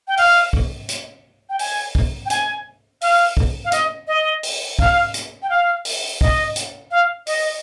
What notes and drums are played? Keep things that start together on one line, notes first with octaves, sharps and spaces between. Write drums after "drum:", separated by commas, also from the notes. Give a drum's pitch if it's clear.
G5
F5, drum: open hi-hat
drum: kick
drum: hi-hat
G5
G#5, drum: open hi-hat
drum: kick
G5
G#5, drum: hi-hat
F5, drum: open hi-hat
drum: kick
F5
D#5, drum: hi-hat
D#5
drum: open hi-hat
F5, drum: kick
drum: hi-hat
G5
F5
drum: open hi-hat
D#5, drum: kick
drum: hi-hat
F5
D#5, drum: open hi-hat